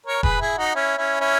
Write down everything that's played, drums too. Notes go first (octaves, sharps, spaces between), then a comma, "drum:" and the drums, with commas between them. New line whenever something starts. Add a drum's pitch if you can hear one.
A#4 C#5
G#4 B4, drum: kick E1
E4 G#4
D#4 F#4
C#4 E4
C#4 E4
C#4 E4